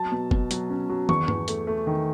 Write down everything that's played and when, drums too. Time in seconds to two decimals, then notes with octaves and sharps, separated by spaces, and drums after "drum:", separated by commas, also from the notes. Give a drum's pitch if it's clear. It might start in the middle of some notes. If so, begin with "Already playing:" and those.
Already playing: F#3 A5
0.12 B2
0.31 B2, drum: kick
0.51 F#3, drum: hi-hat
0.70 C#4
0.89 F#3
1.09 E2 C#6, drum: tom
1.28 E2, drum: tom G2
1.48 A3, drum: hi-hat
1.67 A3
1.87 D#3